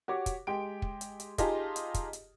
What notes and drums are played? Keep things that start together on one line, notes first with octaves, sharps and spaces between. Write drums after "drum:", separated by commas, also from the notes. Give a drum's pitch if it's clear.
F#4 G4 C#5 D6
drum: kick, hi-hat
G#3 G4 G5 D7
drum: kick
drum: hi-hat
drum: hi-hat
D#4 F4 G4 G#4 D#5 A5, drum: kick, hi-hat
drum: hi-hat
drum: kick, hi-hat
drum: hi-hat